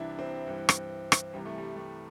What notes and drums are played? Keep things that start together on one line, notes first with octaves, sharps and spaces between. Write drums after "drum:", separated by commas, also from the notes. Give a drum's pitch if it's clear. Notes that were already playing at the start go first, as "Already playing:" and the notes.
Already playing: C2 C3 E3 D4 E4
C4
G2 E3
drum: rim click
drum: rim click
C2 C3 E3 G3
A3
G3
A3